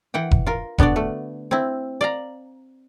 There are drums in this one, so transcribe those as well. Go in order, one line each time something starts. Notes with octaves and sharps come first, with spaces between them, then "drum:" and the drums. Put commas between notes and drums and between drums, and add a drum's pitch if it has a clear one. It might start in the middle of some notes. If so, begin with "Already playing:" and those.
E3 F#5 G5
drum: kick F1
F4 A#4
D3 B3 D4 F#4 D5, drum: kick F1
A3
C4 E4
D5 F5 A#5